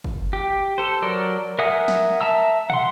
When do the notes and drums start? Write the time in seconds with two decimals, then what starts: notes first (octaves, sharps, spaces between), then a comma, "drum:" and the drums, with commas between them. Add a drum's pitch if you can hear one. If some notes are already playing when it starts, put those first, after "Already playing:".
0.04 drum: kick
0.33 G4
0.78 A4 C5
1.02 F#3 A#4 D5
1.59 A#4 E5 F#5 G#5 D#6
1.88 drum: snare
2.21 E5 A5 A#5 E6
2.70 F#5 C6, drum: tom